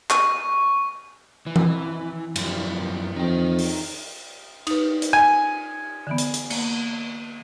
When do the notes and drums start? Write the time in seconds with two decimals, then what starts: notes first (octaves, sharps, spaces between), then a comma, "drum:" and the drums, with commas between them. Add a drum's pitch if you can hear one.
0.10 C#6, drum: clap
1.47 E3
1.56 drum: tom E3
2.36 F#2 E3 F3, drum: cymbal
3.16 F2 D#4 G5
3.59 drum: open hi-hat
4.67 D#4 B4, drum: cymbal
5.02 drum: hi-hat
5.13 G#5
6.07 D3 E3 B3
6.18 drum: hi-hat
6.34 drum: hi-hat
6.50 A#3, drum: cymbal